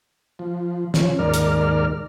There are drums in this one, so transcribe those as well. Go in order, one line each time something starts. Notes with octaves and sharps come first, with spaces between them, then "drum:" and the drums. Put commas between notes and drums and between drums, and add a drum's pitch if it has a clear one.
F3
F3 C#4, drum: snare
D#2 G#2 A#4 D5 F6
drum: hi-hat